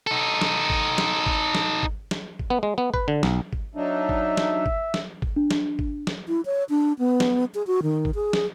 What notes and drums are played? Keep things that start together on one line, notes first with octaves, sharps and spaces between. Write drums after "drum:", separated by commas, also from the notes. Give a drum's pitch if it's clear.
D#4 A4
drum: snare
drum: kick G#1
drum: snare
drum: kick G#1
drum: snare
drum: kick G#1
drum: snare
drum: kick G#1
B3
G#3
B3
B4, drum: kick G#1
D3
B1, drum: snare
drum: kick G#1
F#3 D4 D#4 E5
drum: kick G#1
drum: snare
drum: kick G#1
drum: snare
drum: kick G#1
D4
drum: snare
drum: kick G#1
drum: snare
E4
C#5
D4
B3
drum: snare
G#4
F#4
D#3
drum: kick G#1
G#4
drum: snare